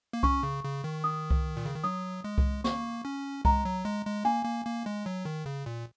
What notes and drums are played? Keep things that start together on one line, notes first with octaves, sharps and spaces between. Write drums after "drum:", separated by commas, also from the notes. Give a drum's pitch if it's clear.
A#3
C#4 C#6, drum: kick C2
C#3
C#3
D#3
D#6
drum: kick C2
A#2
C#3
D#3
F#3 D#6
G#3
drum: kick C2
A#3 C#6, drum: snare
C#4
G#3 A#5, drum: kick C2
F#3
G#3
G#3
A#3 G#5
A#3
A#3
G#3
F#3
D#3
C#3
A#2